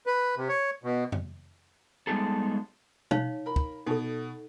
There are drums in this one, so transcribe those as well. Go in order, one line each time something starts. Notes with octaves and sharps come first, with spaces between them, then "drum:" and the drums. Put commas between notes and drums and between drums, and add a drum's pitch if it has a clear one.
B4
C3
C#5
B2
drum: tom F2
G3 G#3 B3 D#4 G#4 A4
D#4 C#5 F5, drum: tom B2
A#4 B5
drum: kick
B2 D#4 A4